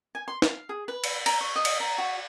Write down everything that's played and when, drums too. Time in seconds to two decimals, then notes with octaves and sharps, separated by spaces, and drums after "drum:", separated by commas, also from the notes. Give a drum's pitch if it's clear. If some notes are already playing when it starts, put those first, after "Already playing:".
0.15 G#5
0.28 C6
0.42 F5, drum: snare
0.69 G#4
0.88 B4
1.04 drum: cymbal
1.26 A#5, drum: cymbal
1.41 C#6
1.56 D#5
1.65 drum: cymbal
1.80 A#5
1.98 F#4